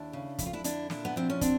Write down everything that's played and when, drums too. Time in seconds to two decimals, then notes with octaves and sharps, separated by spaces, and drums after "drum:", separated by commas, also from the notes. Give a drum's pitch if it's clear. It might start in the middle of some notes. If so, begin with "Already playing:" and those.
Already playing: D#2 D4 E4
0.13 C#3
0.38 F2 E4, drum: kick, hi-hat
0.46 F4
0.53 D4 E4
0.64 D3 D4 E4, drum: hi-hat
0.90 A#2 D4 E4, drum: snare
1.05 B3
1.16 F3 C4
1.30 C#4
1.41 A#2 C4 D4, drum: kick, hi-hat